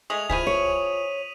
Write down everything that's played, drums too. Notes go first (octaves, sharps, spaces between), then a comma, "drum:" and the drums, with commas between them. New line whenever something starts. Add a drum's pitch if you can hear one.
G#3 A3 G#4 D#6 F7 F#7
F3 E4 G#4 B6 D#7, drum: kick
C#5